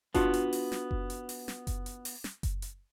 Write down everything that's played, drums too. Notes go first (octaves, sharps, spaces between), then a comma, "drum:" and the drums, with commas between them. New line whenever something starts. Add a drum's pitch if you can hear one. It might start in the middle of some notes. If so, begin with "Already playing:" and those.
B3 D4 F4 F#4, drum: kick F#1, hi-hat
drum: hi-hat
drum: open hi-hat
drum: snare
drum: kick F#1
drum: hi-hat
drum: open hi-hat
drum: snare
drum: kick F#1, hi-hat
drum: hi-hat
drum: open hi-hat
drum: snare
drum: kick F#1, hi-hat
drum: hi-hat